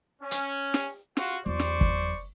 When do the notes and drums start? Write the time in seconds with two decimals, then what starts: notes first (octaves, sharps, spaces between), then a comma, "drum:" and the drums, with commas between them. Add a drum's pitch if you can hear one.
0.22 C#4
0.31 drum: hi-hat
0.74 drum: snare
1.17 F4 F#4, drum: snare
1.46 E2 F#3 C5 D5 C#6
1.59 drum: snare
1.81 drum: kick F#1